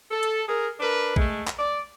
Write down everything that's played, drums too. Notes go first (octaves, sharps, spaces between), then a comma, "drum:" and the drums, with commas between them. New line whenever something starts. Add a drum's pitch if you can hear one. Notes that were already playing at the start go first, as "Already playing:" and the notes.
A4
drum: hi-hat
G#4 A#4
D4 A#4 B4
G#3 A3, drum: kick A#1
drum: clap
D5